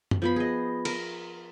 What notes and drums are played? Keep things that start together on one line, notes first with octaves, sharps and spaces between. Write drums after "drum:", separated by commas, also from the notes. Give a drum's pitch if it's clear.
drum: tom F#2
F3 B3 B5
G#4 D#5
A#4, drum: cymbal